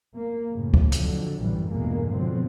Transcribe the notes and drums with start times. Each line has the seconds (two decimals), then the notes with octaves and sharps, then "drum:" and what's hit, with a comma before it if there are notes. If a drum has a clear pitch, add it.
0.15 A#3
0.50 F#2 A2 C#3
0.74 drum: kick D2
0.92 F2 D3 F#3, drum: hi-hat
1.39 A1 F#2 A2 E3 G3
1.69 G1 E2 B2 G#3 A#3
2.11 B2 D3 F3 F#3 C4